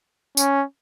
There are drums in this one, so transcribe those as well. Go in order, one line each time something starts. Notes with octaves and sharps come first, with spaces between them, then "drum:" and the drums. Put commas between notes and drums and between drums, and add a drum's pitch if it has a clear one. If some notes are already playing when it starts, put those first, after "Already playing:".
C#4, drum: tambourine